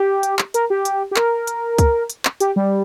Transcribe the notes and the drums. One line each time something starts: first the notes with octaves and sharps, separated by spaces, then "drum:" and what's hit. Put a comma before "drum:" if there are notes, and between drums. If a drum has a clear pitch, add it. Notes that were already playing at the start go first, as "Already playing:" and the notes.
Already playing: G4
drum: hi-hat
drum: clap
A#4, drum: hi-hat
G4
drum: hi-hat
G4
A#4, drum: clap
drum: hi-hat
drum: kick C#2, hi-hat
drum: hi-hat
drum: clap
G4, drum: hi-hat
G3